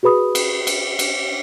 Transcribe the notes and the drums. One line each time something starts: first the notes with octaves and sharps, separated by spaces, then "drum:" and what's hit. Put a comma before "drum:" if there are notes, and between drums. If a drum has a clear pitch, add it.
F#4 G#4 B4 B5 D#6
drum: cymbal
drum: cymbal
drum: cymbal